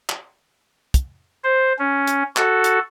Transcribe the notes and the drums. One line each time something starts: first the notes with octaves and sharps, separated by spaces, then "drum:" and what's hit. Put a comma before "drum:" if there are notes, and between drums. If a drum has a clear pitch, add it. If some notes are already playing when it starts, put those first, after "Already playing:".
drum: clap
drum: kick, hi-hat
C5
C#4
drum: hi-hat
F#4 A4, drum: clap
drum: hi-hat